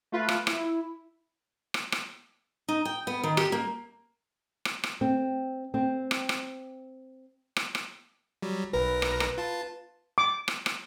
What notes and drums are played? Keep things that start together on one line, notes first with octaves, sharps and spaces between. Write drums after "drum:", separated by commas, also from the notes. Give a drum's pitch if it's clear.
A3 F4 B4
drum: rim click
E4, drum: rim click
drum: rim click
drum: rim click
D#4
G5
B3
D#3
G4, drum: rim click
A#3
drum: rim click
drum: rim click
C4
C4
drum: rim click
drum: rim click
drum: rim click
drum: rim click
F#3 G3
B1 A#4 B4 A#6
drum: rim click
drum: rim click
F4 A5
D6
drum: rim click
drum: rim click